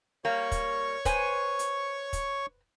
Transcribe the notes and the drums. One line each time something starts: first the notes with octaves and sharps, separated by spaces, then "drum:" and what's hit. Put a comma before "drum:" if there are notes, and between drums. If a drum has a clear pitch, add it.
G3 A#3 C#5 C#6
drum: kick, hi-hat
B4 C5 G#5, drum: kick, hi-hat
drum: hi-hat
drum: kick, hi-hat